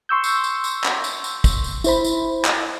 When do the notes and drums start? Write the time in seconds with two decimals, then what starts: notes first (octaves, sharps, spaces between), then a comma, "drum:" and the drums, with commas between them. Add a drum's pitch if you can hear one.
0.09 C6 C#6 E6 G6
0.24 drum: tambourine
0.44 drum: tambourine
0.64 drum: tambourine
0.84 drum: clap
1.04 drum: tambourine
1.24 drum: tambourine
1.44 drum: kick, tambourine
1.64 drum: tambourine
1.84 E4 C5 B5, drum: tambourine
2.04 drum: tambourine
2.45 drum: clap